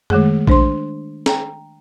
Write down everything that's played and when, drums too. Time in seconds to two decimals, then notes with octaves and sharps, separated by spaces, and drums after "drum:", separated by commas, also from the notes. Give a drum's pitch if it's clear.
0.10 D#3 G#3 A3 G#4, drum: tom F#2
0.47 D4 C5 C6, drum: kick A#1
1.26 G5 A#5, drum: snare